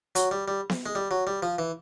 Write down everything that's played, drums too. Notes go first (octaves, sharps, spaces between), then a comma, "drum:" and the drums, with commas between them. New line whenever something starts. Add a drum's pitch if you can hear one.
F#3, drum: hi-hat
G3
G3
drum: snare B3
G#3
G3
F#3
G3
F3
E3